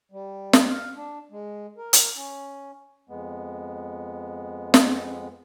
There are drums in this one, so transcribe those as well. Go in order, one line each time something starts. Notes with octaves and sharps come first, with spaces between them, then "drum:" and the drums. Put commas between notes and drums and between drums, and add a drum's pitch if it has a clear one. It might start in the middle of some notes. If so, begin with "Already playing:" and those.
G3
drum: snare
F5
D4
G#3
A#4
drum: hi-hat
C#4
F2 G#3 B3
drum: snare